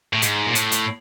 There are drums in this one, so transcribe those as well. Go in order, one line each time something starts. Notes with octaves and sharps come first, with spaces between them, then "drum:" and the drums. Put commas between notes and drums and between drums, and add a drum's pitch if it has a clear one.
A2
G#2, drum: hi-hat
A#2
A2, drum: hi-hat
drum: hi-hat